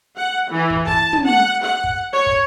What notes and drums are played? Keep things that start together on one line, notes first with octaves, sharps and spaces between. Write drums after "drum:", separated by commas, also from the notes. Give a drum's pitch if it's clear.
F#5
E3
drum: kick
A5, drum: kick
drum: tom
F#5
F#5
drum: kick
C#5
drum: kick